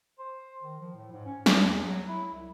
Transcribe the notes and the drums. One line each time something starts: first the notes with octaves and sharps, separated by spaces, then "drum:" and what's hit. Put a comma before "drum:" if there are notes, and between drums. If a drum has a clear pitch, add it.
C5
D#3
F3
A2
G#2
C#4
D4, drum: snare
E2
F#3
E4
C2